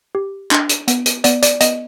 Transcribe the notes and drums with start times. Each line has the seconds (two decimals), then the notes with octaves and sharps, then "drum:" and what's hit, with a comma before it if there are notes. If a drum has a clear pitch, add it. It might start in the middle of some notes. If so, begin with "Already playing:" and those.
0.15 G4
0.51 D4, drum: clap
0.69 drum: hi-hat
0.88 B3, drum: hi-hat
1.06 drum: hi-hat
1.24 B3 D5, drum: hi-hat
1.42 D5, drum: hi-hat
1.60 B3 D#5, drum: hi-hat